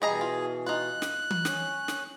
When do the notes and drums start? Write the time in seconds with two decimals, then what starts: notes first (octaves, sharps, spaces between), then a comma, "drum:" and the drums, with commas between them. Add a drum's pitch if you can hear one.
0.02 B2 E3 G3 G#4 D#5 A#5
0.21 F4
0.66 D#4 F4 F#6
1.02 drum: snare
1.31 drum: tom
1.45 C#4 C#5, drum: snare
1.88 drum: snare